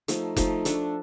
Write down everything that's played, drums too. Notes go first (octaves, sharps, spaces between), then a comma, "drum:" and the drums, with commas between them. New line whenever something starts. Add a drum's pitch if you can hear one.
F3 A3 D#4, drum: hi-hat
F3 A3 D#4, drum: kick F1, hi-hat
A3 D4 A4, drum: hi-hat